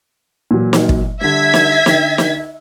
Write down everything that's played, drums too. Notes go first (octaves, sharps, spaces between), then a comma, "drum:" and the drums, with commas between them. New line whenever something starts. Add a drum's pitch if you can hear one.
A#2 E3 F#3
drum: snare
drum: kick
D3 G3 E5 G#6 B6
drum: snare
D3 G5, drum: snare
drum: snare